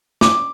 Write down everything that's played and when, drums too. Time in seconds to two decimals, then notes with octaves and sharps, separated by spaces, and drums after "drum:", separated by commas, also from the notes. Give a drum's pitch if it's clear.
0.21 D6, drum: snare